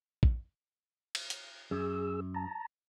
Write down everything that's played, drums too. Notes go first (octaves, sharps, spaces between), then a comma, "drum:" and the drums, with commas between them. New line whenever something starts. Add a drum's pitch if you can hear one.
drum: kick A#1
drum: cymbal
drum: hi-hat
F#2 G#4 E6
A5 A#5